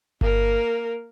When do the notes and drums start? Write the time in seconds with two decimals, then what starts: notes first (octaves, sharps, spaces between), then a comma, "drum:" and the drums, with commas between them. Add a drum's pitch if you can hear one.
0.21 A#3 A#4, drum: kick G1